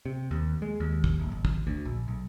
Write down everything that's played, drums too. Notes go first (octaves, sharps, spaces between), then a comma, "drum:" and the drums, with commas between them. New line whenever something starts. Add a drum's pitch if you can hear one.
C3
D#2
G#3
D#2
drum: kick
D1
G#1
drum: kick
D2
A#1
B1